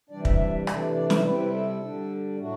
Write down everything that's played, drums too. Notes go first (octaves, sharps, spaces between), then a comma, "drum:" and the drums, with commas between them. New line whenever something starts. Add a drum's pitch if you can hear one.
C3 E3 G3 D4 D5
E5, drum: kick
C3 E3 A3 D4 D5, drum: rim click
D5
C5, drum: snare
C3 G3 C4 E4 B4
B4
A4
D3 G3 D4
A2 F#3 A3 D4 F#4